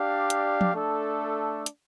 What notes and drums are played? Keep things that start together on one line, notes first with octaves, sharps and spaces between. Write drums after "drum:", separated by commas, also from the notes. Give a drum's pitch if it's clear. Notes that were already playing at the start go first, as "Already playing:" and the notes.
Already playing: D4 G4 D5 F5
drum: hi-hat
drum: tom F3
A3 D4 A4
drum: hi-hat